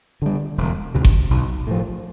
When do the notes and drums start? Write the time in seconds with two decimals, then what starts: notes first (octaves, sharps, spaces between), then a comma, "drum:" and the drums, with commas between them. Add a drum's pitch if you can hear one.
0.22 D3 G3
0.58 E1
0.95 D2 C3
1.04 drum: kick G1
1.31 B1
1.67 A2 F3